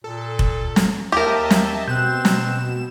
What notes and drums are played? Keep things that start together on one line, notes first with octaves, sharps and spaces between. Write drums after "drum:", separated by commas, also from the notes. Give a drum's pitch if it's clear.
A#2 A4
drum: kick F1
drum: snare
D#2 G4 A#4 D#5 E5 A5
drum: snare
B2 C4 F#6 G6 E7
drum: snare